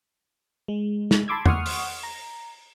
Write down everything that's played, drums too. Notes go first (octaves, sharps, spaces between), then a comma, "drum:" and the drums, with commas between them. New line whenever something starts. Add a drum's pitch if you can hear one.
G#3
drum: snare
A5 B5 C6 D6 E6 G#6
F#5 C6 C#6 D#6 F6, drum: tom E2
drum: open hi-hat
A#5